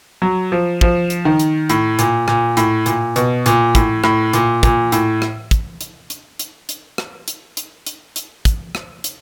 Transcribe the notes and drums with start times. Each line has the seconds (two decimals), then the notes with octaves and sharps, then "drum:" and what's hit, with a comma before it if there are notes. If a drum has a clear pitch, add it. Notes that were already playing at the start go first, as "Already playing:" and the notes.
0.22 F#3
0.52 F3
0.81 F3, drum: kick
1.10 drum: hi-hat
1.25 D#3
1.40 drum: hi-hat
1.70 A2, drum: hi-hat
1.99 A#2, drum: hi-hat
2.28 A#2, drum: rim click
2.57 A2, drum: hi-hat
2.86 A#2, drum: hi-hat
3.16 B2, drum: hi-hat
3.46 A#2, drum: hi-hat
3.75 A2, drum: kick, hi-hat
4.04 A2, drum: rim click
4.33 A#2, drum: hi-hat
4.63 A#2, drum: kick, hi-hat
4.92 A2, drum: hi-hat
5.22 drum: rim click
5.51 drum: kick, hi-hat
5.81 drum: hi-hat
6.10 drum: hi-hat
6.39 drum: hi-hat
6.69 drum: hi-hat
6.98 drum: rim click
7.28 drum: hi-hat
7.57 drum: hi-hat
7.86 drum: hi-hat
8.16 drum: hi-hat
8.45 drum: kick, hi-hat
8.75 drum: rim click
9.04 drum: hi-hat